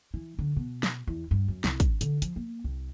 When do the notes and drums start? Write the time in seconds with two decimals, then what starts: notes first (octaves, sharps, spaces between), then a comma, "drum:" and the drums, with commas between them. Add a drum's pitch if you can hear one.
0.14 E3
0.39 D3
0.56 B2
0.83 drum: snare
1.07 E2
1.31 G2
1.48 F#2
1.64 C2, drum: snare
1.80 D4, drum: kick, hi-hat
2.01 D3, drum: hi-hat
2.22 F3, drum: hi-hat
2.36 A#3
2.64 C2